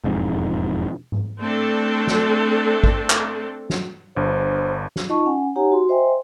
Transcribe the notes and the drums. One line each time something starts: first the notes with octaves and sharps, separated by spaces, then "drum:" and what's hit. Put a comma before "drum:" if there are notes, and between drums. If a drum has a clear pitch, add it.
E1 F2 G#2
drum: tom G#2
A3 C4 D4 A4
drum: snare
drum: kick G#1
drum: clap
drum: snare
G1 G2 C5
drum: snare
D#4 F4 D#5 A5 C#6
C#4 F#5 G#5
D#4 G4 C#5 F#5 G#5 A#5
F#4 C6
C5 D#5 E5 G5 G#5 C6